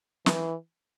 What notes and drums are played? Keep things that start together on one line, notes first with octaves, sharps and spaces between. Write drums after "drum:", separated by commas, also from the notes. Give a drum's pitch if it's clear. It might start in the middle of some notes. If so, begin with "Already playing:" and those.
E3, drum: snare